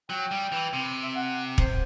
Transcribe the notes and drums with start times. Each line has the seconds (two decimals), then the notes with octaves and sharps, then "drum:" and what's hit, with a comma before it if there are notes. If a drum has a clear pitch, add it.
0.10 F#3 G5
0.31 G3
0.52 E3
0.73 C3
1.03 E5
1.15 F#5
1.58 C5, drum: kick